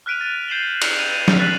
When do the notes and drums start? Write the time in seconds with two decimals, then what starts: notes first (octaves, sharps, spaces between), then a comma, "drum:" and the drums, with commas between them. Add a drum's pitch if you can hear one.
0.06 F6 F#6 B6 D7 D#7 F7
0.21 A6
0.48 G6 C7 D#7 E7 F#7 G7
0.82 F7, drum: cymbal
0.98 G6 D#7 E7
1.28 drum: snare
1.39 F#6 A6 B6 C7 D#7 F#7